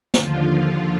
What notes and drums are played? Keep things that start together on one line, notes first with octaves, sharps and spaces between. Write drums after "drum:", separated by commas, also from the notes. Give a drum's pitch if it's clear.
D#2 D3 F3 F4, drum: snare